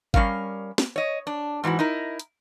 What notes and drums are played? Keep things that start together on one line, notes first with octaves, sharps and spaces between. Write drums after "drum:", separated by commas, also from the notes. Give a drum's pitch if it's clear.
G3 C#4 A#4 F5, drum: kick
drum: snare
C#5 D#5
D4
G#2 E3 D#4 F#4
D#4 E4 A#4
drum: hi-hat